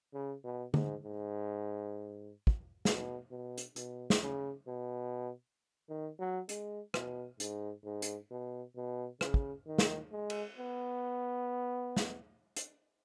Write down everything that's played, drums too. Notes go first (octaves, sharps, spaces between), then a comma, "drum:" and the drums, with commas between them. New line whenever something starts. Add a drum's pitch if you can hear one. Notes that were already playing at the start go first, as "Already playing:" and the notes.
C#3
B2
G#2, drum: tom D3
G#2
drum: kick
B2, drum: snare
B2
drum: hi-hat
B2, drum: hi-hat
drum: snare
C#3
B2
D#3
F#3
G#3, drum: hi-hat
B2, drum: rim click
G#2, drum: hi-hat
G#2
drum: hi-hat
B2
B2
C#3, drum: rim click
drum: kick
D#3
drum: snare
G#3
drum: cymbal
B3
drum: snare
drum: hi-hat